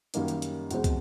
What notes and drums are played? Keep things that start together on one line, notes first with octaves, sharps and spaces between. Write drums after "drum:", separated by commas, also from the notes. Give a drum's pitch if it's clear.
F#2 D#3 G3 A#3 D#4, drum: hi-hat
drum: hi-hat
drum: hi-hat
E2 B2 G#3 C4, drum: hi-hat
drum: kick, hi-hat